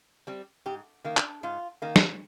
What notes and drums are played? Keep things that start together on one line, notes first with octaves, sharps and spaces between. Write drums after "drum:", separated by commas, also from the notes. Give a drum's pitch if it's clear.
G3 C4
G#2 G4
D#3 A#3
D4, drum: clap
G#2 F4
D#3 A#3
drum: snare